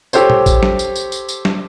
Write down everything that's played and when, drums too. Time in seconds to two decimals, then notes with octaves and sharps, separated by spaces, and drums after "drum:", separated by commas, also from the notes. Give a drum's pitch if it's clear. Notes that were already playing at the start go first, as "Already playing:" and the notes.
0.13 G4 A4 C5 C#5, drum: tambourine
0.30 drum: tom
0.46 drum: kick A1, tambourine
0.63 drum: snare
0.79 drum: tambourine
0.96 drum: tambourine
1.12 drum: tambourine
1.29 drum: tambourine
1.45 drum: snare